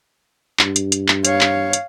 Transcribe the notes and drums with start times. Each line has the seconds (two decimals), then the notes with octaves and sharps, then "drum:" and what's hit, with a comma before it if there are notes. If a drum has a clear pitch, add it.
0.59 G2, drum: clap
0.76 drum: hi-hat
0.92 drum: hi-hat
1.08 drum: clap
1.25 C#5 F5, drum: hi-hat
1.41 drum: clap
1.73 drum: hi-hat